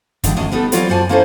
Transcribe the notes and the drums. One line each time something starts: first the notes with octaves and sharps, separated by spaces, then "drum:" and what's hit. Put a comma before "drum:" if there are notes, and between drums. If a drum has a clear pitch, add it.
G2 D3 D#3 F3 G#3, drum: kick, hi-hat
D2 C#4 D#5
G3 B3 D#4 A4
F#3 G3 C4 F4 C#5 D5, drum: hi-hat
F#2 C5 D5 F#5 G#5 A5
A#3 B3 C#4 E4 A4 C5